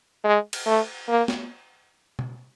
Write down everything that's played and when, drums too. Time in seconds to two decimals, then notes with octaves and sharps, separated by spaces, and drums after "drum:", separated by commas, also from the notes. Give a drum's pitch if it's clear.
0.24 G#3
0.53 drum: cymbal
0.66 A3
1.08 A#3
1.28 drum: snare
2.19 drum: tom B2